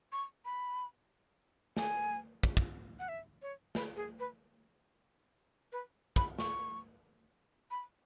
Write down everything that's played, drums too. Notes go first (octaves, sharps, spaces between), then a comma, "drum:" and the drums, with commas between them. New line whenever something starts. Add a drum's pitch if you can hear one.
C#6
B5
G#5, drum: snare
drum: kick
drum: kick
F#5
E5
C#5
B4, drum: snare
G#4
B4
B4
B5, drum: kick
C#6, drum: snare
B5